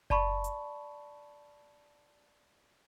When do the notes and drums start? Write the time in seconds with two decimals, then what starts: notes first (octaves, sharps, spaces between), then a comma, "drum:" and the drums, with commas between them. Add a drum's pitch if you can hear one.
0.10 D5 A5 B5 C#6, drum: kick F#1
0.44 drum: hi-hat